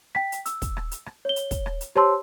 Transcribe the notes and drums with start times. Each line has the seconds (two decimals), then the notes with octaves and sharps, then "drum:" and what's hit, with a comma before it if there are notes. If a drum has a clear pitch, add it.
0.15 G5 B6, drum: rim click
0.32 drum: hi-hat
0.46 E6, drum: hi-hat
0.62 drum: kick, hi-hat
0.77 drum: rim click
0.91 drum: hi-hat
1.06 drum: rim click
1.25 C#5 G7
1.36 drum: hi-hat
1.51 drum: kick, hi-hat
1.66 drum: rim click
1.81 drum: hi-hat
1.96 G4 C5 C#5 A5 C6 E6, drum: rim click